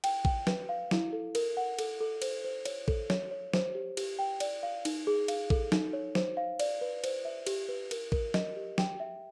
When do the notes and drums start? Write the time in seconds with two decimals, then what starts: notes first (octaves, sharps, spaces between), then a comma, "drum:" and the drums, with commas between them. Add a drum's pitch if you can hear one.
0.04 G5, drum: cymbal
0.25 G5, drum: kick A1
0.47 B4, drum: snare
0.69 F5
0.91 E4, drum: snare
1.12 A4
1.35 A#4, drum: cymbal
1.57 F#5
1.79 A4, drum: cymbal
2.00 A4
2.22 C5, drum: cymbal
2.44 C5
2.65 C#5, drum: cymbal
2.88 A4, drum: kick A1
3.10 C#5, drum: snare
3.31 C#5
3.54 C5, drum: snare
3.75 G4
3.97 G4, drum: cymbal
4.19 G5
4.40 D5, drum: cymbal
4.63 F5
4.85 D#4, drum: cymbal
5.07 G#4
5.28 F5, drum: cymbal
5.50 A4, drum: kick A1
5.72 D#4, drum: snare
5.93 C#5
6.15 C5, drum: snare
6.37 F5
6.60 D5, drum: cymbal
6.81 B4
7.04 C5, drum: cymbal
7.25 E5
7.47 G4, drum: cymbal
7.68 B4
7.91 A#4, drum: cymbal
8.12 A#4, drum: kick A1
8.34 D#5, drum: snare
8.56 G4
8.78 G5, drum: snare
9.00 E5